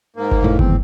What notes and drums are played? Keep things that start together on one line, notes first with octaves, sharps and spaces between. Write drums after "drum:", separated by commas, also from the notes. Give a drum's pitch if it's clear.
G#2 A#3
drum: kick G1
F1 A2
D1 G#1 E2 C4, drum: kick G1